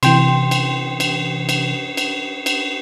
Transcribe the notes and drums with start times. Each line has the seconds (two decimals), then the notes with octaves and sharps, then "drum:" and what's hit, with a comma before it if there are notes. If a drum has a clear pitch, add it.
0.03 C3 E3 G5 C6, drum: cymbal
0.51 drum: cymbal
1.00 drum: cymbal
1.49 drum: cymbal
1.97 drum: cymbal
2.46 drum: cymbal